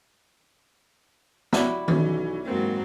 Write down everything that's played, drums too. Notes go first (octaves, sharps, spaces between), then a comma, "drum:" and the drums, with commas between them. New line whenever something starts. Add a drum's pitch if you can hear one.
G3 E4 F#4, drum: snare B3
B1 E3 C#4, drum: tom D#3
G#2 F#3 A#3 C4